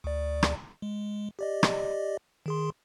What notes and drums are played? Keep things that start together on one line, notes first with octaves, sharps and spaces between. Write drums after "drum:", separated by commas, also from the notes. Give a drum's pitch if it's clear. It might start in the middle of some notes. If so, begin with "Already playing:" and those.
D2 D5
drum: rim click
G#3
G4 D5 D#5
drum: rim click
D#3 G#4 C6